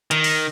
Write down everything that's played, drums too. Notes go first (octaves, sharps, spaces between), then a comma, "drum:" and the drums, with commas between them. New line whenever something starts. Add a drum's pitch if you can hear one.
D#3, drum: hi-hat
drum: open hi-hat